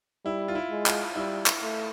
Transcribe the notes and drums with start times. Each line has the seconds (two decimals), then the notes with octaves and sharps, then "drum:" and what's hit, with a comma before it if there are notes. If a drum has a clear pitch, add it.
0.25 G3 E4
0.48 F4
0.55 E4
0.71 G#3
0.86 F4, drum: clap
1.15 G3 E4
1.46 drum: clap
1.62 A3